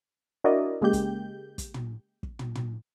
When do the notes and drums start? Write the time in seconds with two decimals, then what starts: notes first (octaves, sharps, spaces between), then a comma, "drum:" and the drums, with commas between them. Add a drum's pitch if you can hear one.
0.44 D4 E4 F#4 A#4 D5 D#5
0.81 C#3 G#3 A#3 G4 G6
0.93 drum: kick, hi-hat
1.58 drum: kick, hi-hat
1.74 drum: tom
2.23 drum: kick
2.39 drum: tom
2.55 drum: tom